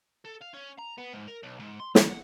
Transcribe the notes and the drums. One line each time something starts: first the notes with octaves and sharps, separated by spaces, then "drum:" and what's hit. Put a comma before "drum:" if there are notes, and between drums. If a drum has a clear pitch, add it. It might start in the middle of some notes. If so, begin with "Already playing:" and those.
A4
F5
C#4
A#5
B3
G#2
A#4
B1
G#2
C6
E3, drum: snare
F#5